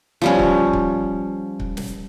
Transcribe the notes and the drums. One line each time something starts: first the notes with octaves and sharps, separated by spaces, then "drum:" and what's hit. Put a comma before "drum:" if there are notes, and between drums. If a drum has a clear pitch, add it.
F3 G3 C#4
drum: kick C#1
drum: kick C#1
drum: kick C#1
drum: snare